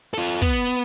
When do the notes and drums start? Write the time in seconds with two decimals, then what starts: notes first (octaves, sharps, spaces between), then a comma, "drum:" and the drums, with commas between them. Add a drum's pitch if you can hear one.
0.14 F4 A4
0.42 B3, drum: kick, hi-hat